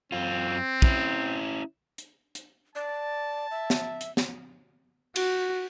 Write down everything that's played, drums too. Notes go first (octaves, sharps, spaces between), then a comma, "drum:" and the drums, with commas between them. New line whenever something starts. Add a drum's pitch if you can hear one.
F#2 C4 F4
C#4 E4, drum: kick
drum: hi-hat
drum: hi-hat
D5 A5
E5
drum: snare
drum: hi-hat
drum: snare
F#4, drum: cymbal